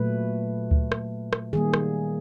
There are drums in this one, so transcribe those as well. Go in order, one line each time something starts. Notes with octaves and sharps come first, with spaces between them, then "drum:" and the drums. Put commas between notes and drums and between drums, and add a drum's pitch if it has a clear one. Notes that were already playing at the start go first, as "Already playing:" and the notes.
Already playing: A#2 F#3 A3 B4
drum: kick D2
drum: rim click
drum: rim click
D#3 G3 A#3 G#4
drum: rim click